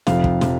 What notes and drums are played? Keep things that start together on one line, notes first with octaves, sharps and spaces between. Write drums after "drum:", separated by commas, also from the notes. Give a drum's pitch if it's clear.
F1 F2 C3 F3 F5, drum: snare
drum: kick
C3 F3, drum: snare